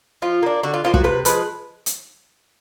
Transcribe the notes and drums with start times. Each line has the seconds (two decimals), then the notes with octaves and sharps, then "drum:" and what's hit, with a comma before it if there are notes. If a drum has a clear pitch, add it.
0.22 F3 F4
0.43 A#3 D4
0.63 D3 F#4
0.74 F4
0.84 F3 A#3 F4
0.94 F#4, drum: kick
1.04 C3 B4
1.25 F3 G#3 B4, drum: hi-hat
1.86 drum: hi-hat